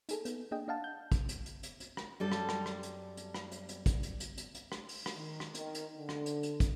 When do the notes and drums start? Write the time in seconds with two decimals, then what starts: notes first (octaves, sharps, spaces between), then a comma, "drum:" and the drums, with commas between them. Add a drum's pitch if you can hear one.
0.09 D#4 G#4 A4, drum: hi-hat
0.25 B3, drum: hi-hat
0.51 A#3 D4 G#4 D#5 G5
0.68 D4 D#5 F5 F#5 A5
0.84 G6
1.12 drum: kick, hi-hat
1.29 drum: hi-hat
1.46 drum: hi-hat
1.63 drum: hi-hat
1.80 drum: hi-hat
1.97 drum: rim click
2.20 F#2 G3 A4
2.32 drum: rim click
2.49 drum: rim click
2.66 drum: rim click
2.83 drum: hi-hat
3.17 drum: hi-hat
3.34 drum: rim click
3.52 drum: hi-hat
3.69 drum: hi-hat
3.86 drum: kick, hi-hat
4.03 drum: hi-hat
4.20 drum: hi-hat
4.37 drum: hi-hat
4.54 drum: hi-hat
4.72 drum: rim click
4.89 drum: open hi-hat
5.06 drum: rim click
5.16 D#3
5.40 drum: rim click
5.55 D#3, drum: hi-hat
5.75 drum: hi-hat
5.97 D3
6.09 drum: rim click
6.26 drum: hi-hat
6.43 drum: hi-hat
6.60 drum: kick, hi-hat